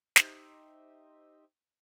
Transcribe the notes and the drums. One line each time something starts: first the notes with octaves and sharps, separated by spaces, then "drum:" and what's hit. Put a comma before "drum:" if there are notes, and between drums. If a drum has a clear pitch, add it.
D#4 G4 C5 D#5 E5, drum: snare